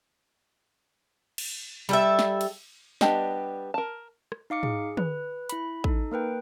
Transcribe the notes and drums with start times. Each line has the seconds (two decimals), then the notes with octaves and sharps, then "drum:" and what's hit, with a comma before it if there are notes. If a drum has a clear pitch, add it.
1.38 drum: cymbal
1.89 G3 A4 E5
2.19 drum: snare
2.41 drum: cymbal
3.01 G3 B3 D4 G4 D#5, drum: snare
3.74 A#4 A5
4.32 drum: rim click
4.50 D#4 F5 D6 C#7
4.63 G#4, drum: tom
4.97 B4, drum: tom
5.49 E4 B5, drum: hi-hat
5.84 D#4 A4, drum: kick
6.11 A#3 A#4 B4 G5